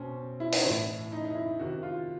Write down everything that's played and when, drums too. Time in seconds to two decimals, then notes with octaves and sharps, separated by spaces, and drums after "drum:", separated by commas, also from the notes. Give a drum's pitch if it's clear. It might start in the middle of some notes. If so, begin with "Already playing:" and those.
Already playing: B2 C4 C#4
0.40 E4
0.53 D#4, drum: open hi-hat
0.64 A2 E3 E4
1.12 D#4
1.25 D#4
1.35 E4
1.59 C3 D#3 F#4
1.83 F4